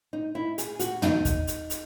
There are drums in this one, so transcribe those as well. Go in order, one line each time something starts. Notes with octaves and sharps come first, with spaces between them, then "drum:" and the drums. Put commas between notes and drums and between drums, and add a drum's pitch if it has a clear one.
D#4
E4
G#4, drum: hi-hat
F#4, drum: hi-hat
D#4, drum: tom
drum: kick, hi-hat
drum: hi-hat
drum: hi-hat